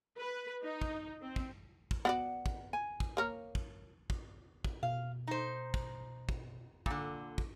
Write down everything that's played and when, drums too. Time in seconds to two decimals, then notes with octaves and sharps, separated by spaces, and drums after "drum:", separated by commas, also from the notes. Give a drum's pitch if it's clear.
0.18 B4
0.63 D#4
0.81 drum: kick
1.22 C4
1.36 drum: kick
1.91 drum: kick
2.05 B3 F#4 D5 F#5
2.46 drum: kick
2.73 G#5
3.00 drum: kick
3.17 A#3 A#4 C#5
3.55 drum: kick
4.10 drum: kick
4.64 drum: kick
4.83 B2 F5
5.27 D#4 C5
5.74 drum: kick
6.29 drum: kick
6.86 A#2 D3, drum: kick
7.38 drum: kick